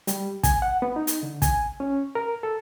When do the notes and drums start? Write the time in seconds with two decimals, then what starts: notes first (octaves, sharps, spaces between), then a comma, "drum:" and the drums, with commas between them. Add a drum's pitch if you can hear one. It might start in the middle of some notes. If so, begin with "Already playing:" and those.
0.07 G3, drum: hi-hat
0.43 G#5, drum: kick, hi-hat
0.62 F#5
0.82 B3
0.96 D#4
1.07 drum: hi-hat
1.23 D3
1.42 G#5, drum: kick, hi-hat
1.80 C#4
2.15 A#4
2.43 A4